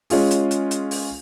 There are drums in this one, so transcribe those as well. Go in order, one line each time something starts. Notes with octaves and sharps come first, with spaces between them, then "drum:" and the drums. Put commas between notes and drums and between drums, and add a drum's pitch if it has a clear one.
G#3 C#4 F4 G#4, drum: open hi-hat
drum: hi-hat
drum: hi-hat
drum: hi-hat
drum: open hi-hat